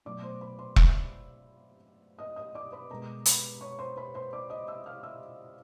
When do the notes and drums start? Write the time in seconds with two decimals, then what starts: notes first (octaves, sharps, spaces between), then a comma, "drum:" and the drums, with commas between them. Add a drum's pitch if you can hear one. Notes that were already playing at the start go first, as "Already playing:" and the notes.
0.05 B2 F#3 A3 D5 D6
0.23 C5 C6
0.41 B4 B5
0.59 C5 C6
0.76 E5 E6, drum: kick E1
2.19 D#5 D#6
2.36 D#5 D#6
2.54 D5 D6
2.72 B4 B5
2.90 B2 G#3 A#4 A#5
3.26 B4 B5, drum: hi-hat
3.61 C#5 C#6
3.79 C5 C6
3.96 B4 B5
4.14 C5 C6
4.33 D5 D6
4.50 D#5 D#6
4.68 E5 E6
4.86 F5 F6
5.03 E5 E6